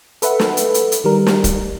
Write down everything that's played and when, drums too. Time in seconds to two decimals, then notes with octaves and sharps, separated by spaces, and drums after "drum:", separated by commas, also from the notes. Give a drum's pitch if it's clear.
0.22 A4 B4 E5 F#5, drum: hi-hat
0.39 drum: snare
0.57 drum: hi-hat
0.74 drum: hi-hat
0.92 drum: hi-hat
1.04 D#3 G3 A#4
1.27 drum: snare
1.44 drum: kick, hi-hat